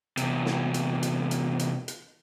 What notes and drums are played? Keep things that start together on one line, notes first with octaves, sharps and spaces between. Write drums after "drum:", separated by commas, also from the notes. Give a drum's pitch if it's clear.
E2 C3, drum: hi-hat
drum: snare
drum: hi-hat
drum: hi-hat
drum: hi-hat
drum: hi-hat
drum: hi-hat